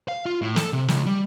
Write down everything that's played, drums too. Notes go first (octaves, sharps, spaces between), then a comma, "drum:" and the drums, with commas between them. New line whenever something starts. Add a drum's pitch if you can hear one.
F5
F4
A2
A4, drum: snare
C3
C#2, drum: snare
G3